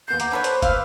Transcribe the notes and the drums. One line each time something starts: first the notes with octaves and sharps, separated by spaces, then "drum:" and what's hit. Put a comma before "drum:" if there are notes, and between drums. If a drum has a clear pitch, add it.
D#2 B3 G6 C7
F#5 A#5 D6, drum: hi-hat
D4 A4 B4 C#5
C5 C6, drum: hi-hat
F5 C6 E6 F6, drum: kick, hi-hat